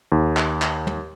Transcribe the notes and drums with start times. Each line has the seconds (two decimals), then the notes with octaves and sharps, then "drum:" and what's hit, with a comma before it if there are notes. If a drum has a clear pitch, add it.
0.12 D#2
0.37 drum: clap
0.62 drum: clap
0.87 drum: tom